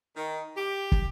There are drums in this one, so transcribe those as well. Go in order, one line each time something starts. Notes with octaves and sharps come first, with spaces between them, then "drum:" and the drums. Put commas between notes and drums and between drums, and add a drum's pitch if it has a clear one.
D#3
G4
drum: kick